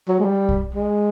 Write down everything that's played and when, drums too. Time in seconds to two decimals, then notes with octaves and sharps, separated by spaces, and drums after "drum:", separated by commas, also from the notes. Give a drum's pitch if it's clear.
0.08 F#3
0.20 G#3
0.25 G3
0.49 drum: kick
0.74 G#3